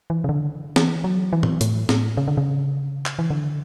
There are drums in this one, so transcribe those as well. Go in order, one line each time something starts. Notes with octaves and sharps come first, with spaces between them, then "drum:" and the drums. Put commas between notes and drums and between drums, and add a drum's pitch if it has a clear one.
E3
C#3
D3
E3, drum: snare
F#3
E3
drum: tom
A2, drum: hi-hat
A2, drum: snare
C#3
D3
C#3
drum: clap
E3
D3